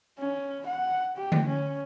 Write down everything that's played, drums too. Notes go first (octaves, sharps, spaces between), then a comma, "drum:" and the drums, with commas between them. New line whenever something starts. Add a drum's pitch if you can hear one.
C#4
F#5
G4
drum: tom D3
C#4